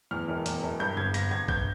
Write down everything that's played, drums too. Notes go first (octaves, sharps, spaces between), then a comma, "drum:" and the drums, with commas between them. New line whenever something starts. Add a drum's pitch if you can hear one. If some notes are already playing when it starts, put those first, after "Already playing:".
E2 F6
E1
E2, drum: hi-hat
E1
G2 G6
G1 G#6
G1 A#6, drum: hi-hat
G1 G#6
G1 G6, drum: kick A1